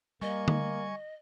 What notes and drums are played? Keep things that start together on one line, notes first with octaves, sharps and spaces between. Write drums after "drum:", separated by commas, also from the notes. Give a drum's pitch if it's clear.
G3 A#3 D#5 G#5 C#6
drum: tom D3